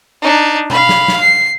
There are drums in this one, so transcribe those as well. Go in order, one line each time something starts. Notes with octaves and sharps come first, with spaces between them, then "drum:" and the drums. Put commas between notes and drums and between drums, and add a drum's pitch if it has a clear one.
D4 D#4
F5 B5, drum: tom B2
drum: snare
drum: snare
C7